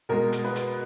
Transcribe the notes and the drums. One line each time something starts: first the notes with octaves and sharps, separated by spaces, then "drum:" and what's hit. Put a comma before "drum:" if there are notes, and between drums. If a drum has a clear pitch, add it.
B2 G#3 A#4
drum: hi-hat
B4
drum: hi-hat